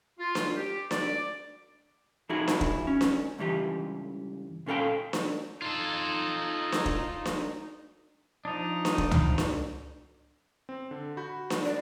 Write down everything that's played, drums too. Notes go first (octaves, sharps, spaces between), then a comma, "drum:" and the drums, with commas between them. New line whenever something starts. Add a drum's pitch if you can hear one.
F4
drum: snare D4
G4
D5, drum: snare D4
F3 D#4 E4 F#4 G#4
drum: snare D4
drum: kick
C#4
drum: snare D4
C#2 G2 E3 G4
A#2 C#4 A4 F5 G5
drum: snare D4
D#4 F4 A4
drum: snare D4
drum: kick
drum: snare D4
F3 D4 D#4 D#5
drum: snare D4
drum: kick
drum: tom C#2
drum: snare D4
C4
D3
F#4 B5 G6
drum: snare D4
D5